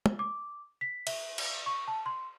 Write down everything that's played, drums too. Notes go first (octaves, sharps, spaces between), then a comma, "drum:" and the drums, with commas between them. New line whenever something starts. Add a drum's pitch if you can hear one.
drum: tom
D6
B6
E5, drum: cymbal
drum: cymbal
C#6
A5
C6